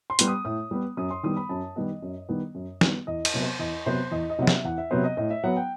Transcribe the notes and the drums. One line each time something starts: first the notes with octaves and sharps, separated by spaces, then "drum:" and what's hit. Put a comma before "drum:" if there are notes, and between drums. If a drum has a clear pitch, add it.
C6
G3 B3, drum: hi-hat
D#6
A2 D#6
G3 B3
F#2 D#6
C6
D#3 G3 B3 D#6
B5
F#2 A5
D#3 G3 B3 D#5
F#2
D#3 G3 B3
F#2
D#3 G3 B3, drum: snare
E2 D#5
D#5, drum: cymbal
C3 F#3 B3
C5
E2 D#5
C3 F#3 B3 C5
E2 D#5
D#5
C3 F#3 B3 F#5
E5, drum: snare
E2 F#5
E5
C3 F#3 B3 C5
D#5
A2 D#5
E5
F#3 B3 F#5
G5